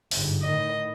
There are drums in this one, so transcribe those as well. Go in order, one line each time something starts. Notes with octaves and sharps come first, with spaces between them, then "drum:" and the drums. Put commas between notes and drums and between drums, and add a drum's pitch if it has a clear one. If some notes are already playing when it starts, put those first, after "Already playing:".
G1 G#2, drum: open hi-hat
A2 D#3 D#5